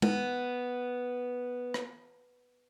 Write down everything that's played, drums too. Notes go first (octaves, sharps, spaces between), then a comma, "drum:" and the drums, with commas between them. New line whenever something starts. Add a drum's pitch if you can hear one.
B3, drum: tom G#3
drum: rim click